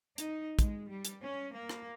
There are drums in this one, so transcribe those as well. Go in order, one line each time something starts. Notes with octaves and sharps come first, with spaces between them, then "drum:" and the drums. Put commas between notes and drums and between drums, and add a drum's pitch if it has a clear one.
D#4, drum: hi-hat
G#3, drum: kick, hi-hat
G3
drum: hi-hat
C#4
A#3
drum: rim click